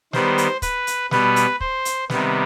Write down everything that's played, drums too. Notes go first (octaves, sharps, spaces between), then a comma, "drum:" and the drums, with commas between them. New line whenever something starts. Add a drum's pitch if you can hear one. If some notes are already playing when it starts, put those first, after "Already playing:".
D#3 G3 B3 C5, drum: snare
drum: hi-hat
B4, drum: kick, hi-hat
drum: hi-hat
B2 G3 B3 B4, drum: snare
drum: hi-hat
C5, drum: kick
drum: hi-hat
C3 D#3 G3 B3, drum: snare